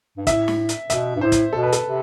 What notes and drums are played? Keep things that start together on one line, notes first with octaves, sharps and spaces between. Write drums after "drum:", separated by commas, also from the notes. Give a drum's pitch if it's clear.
G2
A2 E5, drum: kick, hi-hat
drum: snare
drum: hi-hat
B2 E5, drum: hi-hat
G2
A2 C5
drum: kick, hi-hat
B2 A4
B4
A4, drum: hi-hat
C3